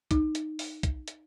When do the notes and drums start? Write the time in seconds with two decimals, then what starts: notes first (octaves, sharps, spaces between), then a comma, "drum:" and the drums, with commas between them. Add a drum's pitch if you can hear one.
0.11 D#4, drum: kick, hi-hat
0.35 drum: hi-hat
0.59 drum: open hi-hat
0.83 drum: kick, hi-hat
1.08 drum: hi-hat